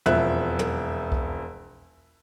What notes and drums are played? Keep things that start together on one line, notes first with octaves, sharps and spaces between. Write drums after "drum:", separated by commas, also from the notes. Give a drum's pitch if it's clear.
E1 F2 E5 F#6, drum: tom
drum: tom
drum: kick C2